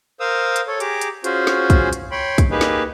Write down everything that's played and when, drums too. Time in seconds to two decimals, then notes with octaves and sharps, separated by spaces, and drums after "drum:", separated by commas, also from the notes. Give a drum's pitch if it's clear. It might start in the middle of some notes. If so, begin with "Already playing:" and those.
0.20 A#4 C5 F5 D#6 E6
0.56 drum: hi-hat
0.67 A4 C#5
0.80 G4 G#4 A#5 D6, drum: hi-hat
1.01 drum: hi-hat
1.24 C#4 F4 F#4 G#4 C5, drum: hi-hat
1.47 drum: snare
1.70 drum: kick, hi-hat
1.93 drum: hi-hat
2.11 C#5 G5 B5 C6
2.38 drum: kick, hi-hat
2.51 A#3 D#4 G4 G#4 B4
2.61 drum: snare